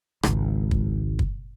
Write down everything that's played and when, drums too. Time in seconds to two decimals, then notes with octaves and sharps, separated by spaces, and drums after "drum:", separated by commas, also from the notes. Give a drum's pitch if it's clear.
0.23 G#1 C#2, drum: rim click
0.71 drum: kick
1.19 drum: kick